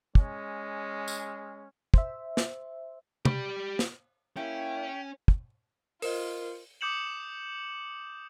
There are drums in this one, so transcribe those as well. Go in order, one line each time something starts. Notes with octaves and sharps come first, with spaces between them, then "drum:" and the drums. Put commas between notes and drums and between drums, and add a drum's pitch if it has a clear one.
G#3 C#4, drum: kick
drum: tambourine
C5 E5, drum: kick
drum: snare
G4 B5, drum: tom
drum: snare
A#3 C#4 E4 G4 G5
drum: kick
F4 A#4 C5 D#5, drum: open hi-hat
D6 D#6 G6 C#7 E7 F#7